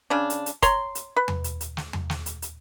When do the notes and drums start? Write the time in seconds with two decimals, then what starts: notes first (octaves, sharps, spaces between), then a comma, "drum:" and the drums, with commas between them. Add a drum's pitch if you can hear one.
0.10 C#3 D4
0.30 drum: hi-hat
0.46 drum: hi-hat
0.62 C#5 A#5 C6, drum: kick E1, hi-hat
0.95 drum: hi-hat
1.16 B4
1.28 drum: tom E2
1.44 drum: hi-hat
1.61 drum: hi-hat
1.77 drum: snare
1.93 drum: tom E2
2.10 drum: snare
2.26 drum: hi-hat
2.42 drum: hi-hat